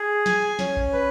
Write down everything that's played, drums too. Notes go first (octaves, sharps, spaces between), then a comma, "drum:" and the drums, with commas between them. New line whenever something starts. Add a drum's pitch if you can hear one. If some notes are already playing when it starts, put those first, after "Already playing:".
Already playing: G#4
G#5, drum: snare
C#4, drum: snare
drum: kick A#1
B4